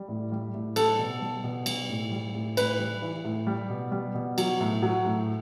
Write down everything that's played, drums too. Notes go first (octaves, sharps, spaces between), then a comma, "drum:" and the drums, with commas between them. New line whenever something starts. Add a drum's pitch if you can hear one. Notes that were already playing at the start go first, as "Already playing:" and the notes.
Already playing: G3
A2
G3
A2
G3 A4, drum: cymbal
B2
G3
B2
G3, drum: cymbal
A2
G3
A2
A2 B4, drum: cymbal
G3
E3
A2
G3
B2
G3
B2
F#3, drum: cymbal
A2
F#3
A2